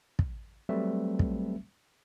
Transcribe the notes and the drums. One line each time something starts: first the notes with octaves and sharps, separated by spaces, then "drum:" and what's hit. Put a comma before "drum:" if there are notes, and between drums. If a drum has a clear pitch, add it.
drum: kick
F#3 G3 A3 C4 B4 E5
drum: kick